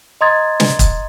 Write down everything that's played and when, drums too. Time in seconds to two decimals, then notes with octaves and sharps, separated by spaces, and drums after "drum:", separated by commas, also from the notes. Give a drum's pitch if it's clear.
0.21 D#5 A#5 C6 D#6 G#6 A6
0.60 drum: snare
0.79 drum: kick, hi-hat